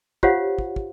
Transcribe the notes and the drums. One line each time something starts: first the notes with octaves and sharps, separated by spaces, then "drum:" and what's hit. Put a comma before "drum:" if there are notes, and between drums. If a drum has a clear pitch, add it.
F4 G4 C5 C#5 F5 F#5, drum: kick
drum: kick
drum: kick